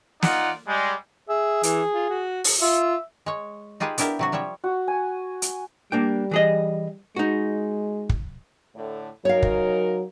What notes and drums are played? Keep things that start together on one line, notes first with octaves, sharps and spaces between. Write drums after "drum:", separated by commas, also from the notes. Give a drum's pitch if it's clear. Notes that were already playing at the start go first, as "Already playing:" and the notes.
D#4 F4 D5 F#5, drum: snare
G3 G#3
G#4 E5
E3, drum: hi-hat
F4
F#4
drum: open hi-hat
F4 E5
G#3 C#5
D#4 F4 G4 G#4 B4
B3 D4 E4 G4 A#4, drum: hi-hat
C3 F#3 F#4
F3 G3 C#5 E5
F#4
G#5
drum: hi-hat
G3 A#3 D4 G5
E3 G#4 D#5
G#3 D#4 F#4
drum: kick
A2 D3
C#3 F#3 D#4 A#4 C#5 F5
drum: kick